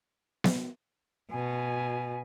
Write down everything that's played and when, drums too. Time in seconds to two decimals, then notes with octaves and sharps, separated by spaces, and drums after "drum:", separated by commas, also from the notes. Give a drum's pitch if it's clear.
0.44 drum: snare B3
1.31 B2 G#5